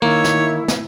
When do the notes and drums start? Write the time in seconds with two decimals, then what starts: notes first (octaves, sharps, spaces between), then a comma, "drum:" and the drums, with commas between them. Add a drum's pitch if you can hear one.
0.02 D#3 A#3 E4 C#5
0.24 drum: snare
0.68 drum: snare